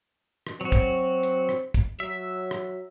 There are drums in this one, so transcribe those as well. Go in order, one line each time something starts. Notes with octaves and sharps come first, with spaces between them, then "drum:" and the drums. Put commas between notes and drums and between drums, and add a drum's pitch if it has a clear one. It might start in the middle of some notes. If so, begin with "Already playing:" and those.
drum: rim click
F#3 C4 F#4
drum: kick, hi-hat
drum: hi-hat
drum: rim click
drum: kick, hi-hat
F#3 E5
drum: rim click